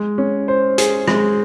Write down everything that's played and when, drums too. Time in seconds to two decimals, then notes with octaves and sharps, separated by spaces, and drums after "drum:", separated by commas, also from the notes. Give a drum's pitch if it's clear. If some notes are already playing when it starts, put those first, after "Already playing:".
Already playing: G#3
0.18 C#4
0.48 C5
0.78 G#4, drum: hi-hat
1.08 G#3, drum: rim click